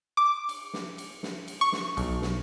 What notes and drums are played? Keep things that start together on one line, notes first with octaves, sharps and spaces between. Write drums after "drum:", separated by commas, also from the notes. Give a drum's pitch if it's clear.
D6
drum: cymbal
drum: snare
drum: cymbal
drum: snare
drum: cymbal
C#6
drum: snare
B1, drum: cymbal
drum: snare